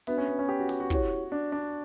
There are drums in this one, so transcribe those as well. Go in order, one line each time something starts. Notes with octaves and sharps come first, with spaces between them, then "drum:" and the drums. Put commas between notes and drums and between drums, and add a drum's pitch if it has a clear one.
B3 D4 F#4 B4 E5, drum: open hi-hat
C#4
B3
C#4
G4
F#4
G4, drum: open hi-hat
F#4
E4 G4 C#5, drum: kick
D4
D4